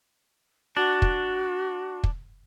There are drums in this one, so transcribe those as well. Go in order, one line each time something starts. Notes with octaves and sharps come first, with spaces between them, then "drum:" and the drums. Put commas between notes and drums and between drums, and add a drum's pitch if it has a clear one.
D4 F#4
drum: kick
drum: kick